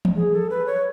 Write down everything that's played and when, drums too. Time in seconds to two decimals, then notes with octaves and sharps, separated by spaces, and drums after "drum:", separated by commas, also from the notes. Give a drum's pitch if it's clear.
0.05 drum: tom
0.16 G#4
0.33 A4
0.50 B4
0.67 C#5